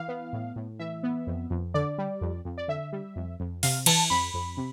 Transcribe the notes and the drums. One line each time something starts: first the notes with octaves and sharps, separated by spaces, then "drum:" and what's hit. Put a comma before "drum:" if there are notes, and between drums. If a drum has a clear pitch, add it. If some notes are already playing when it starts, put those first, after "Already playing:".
Already playing: E3 F5
B3
A2
A2
E3 E5
B3
F2
F2
D3 D5
G3
F2
F2
D5
D3 E5
G3
F2
F2
C3 F5, drum: open hi-hat
E3 A5, drum: cymbal
F2 B5
F2
C3